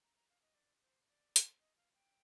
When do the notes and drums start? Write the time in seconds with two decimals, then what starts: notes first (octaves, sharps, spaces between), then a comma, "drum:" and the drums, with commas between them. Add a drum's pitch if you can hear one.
0.03 A#5
0.16 A#5
0.29 F5
0.42 D#5
0.54 D5
0.82 C5
1.08 D5
1.36 drum: hi-hat
1.60 D#5
1.77 F5
1.94 G5